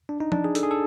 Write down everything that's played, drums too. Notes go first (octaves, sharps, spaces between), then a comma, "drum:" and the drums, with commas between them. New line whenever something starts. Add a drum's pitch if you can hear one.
D4
D#4
D4, drum: tom F3
G#4
A4, drum: hi-hat
G#4
A4